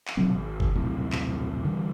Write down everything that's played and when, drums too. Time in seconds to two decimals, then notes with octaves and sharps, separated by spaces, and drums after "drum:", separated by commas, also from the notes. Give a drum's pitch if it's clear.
0.08 drum: clap
0.17 B2 D3 F#3 C4
0.34 G#1
0.60 drum: kick G1
0.75 D#1 B1 A2 C3
1.12 drum: clap
1.65 D3 E3 G3